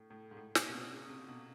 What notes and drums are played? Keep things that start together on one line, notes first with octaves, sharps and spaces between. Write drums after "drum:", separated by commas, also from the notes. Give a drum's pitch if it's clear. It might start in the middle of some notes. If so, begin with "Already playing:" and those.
Already playing: A2
A2
G#2
A2
A#2, drum: snare
B2
C3
C#3
C3
B2